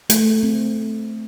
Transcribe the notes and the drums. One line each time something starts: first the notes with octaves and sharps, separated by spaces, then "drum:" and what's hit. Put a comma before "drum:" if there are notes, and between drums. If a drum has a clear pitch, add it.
A3, drum: hi-hat
C4